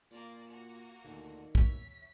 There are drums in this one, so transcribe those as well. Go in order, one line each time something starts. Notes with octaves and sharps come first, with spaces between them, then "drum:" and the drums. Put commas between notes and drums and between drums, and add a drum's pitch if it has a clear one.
A#2 A#3 F4 D5
A#3 F#4
D2 A#2 D3 D#3
C#5 E5 B6, drum: kick